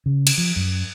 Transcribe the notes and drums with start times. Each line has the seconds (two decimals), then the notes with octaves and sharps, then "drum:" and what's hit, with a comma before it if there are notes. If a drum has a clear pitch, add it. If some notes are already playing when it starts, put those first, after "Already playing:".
0.06 C#3
0.27 drum: cymbal
0.38 F3
0.56 F#2